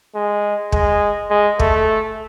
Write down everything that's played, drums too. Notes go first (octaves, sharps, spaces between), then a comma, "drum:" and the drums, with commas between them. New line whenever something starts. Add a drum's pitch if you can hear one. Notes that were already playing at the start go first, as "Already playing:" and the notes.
G#3
G#3, drum: kick
G#3
A3, drum: kick